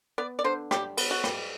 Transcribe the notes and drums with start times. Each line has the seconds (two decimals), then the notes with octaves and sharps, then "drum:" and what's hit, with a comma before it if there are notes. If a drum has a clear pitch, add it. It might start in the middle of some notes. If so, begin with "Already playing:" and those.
0.18 B3 D5
0.39 D5
0.44 D3 C5
0.71 G3 G4, drum: rim click
0.97 B3, drum: cymbal
1.11 F#4
1.24 G3, drum: rim click